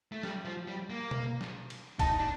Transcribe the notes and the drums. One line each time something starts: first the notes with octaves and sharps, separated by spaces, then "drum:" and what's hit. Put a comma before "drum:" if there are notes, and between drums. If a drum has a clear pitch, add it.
A3
G3, drum: snare
F3
G3
A#3
drum: tom B2
drum: snare
drum: cymbal
D#4 A5, drum: kick, cymbal
D4